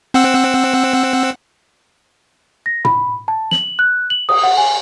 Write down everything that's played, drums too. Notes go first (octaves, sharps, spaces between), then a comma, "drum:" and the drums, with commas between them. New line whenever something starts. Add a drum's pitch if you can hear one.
C4 F#5 E6
A#6
B5, drum: tom
A5
F#7, drum: snare
F#6
F#7
D#6, drum: cymbal
F#5
G#5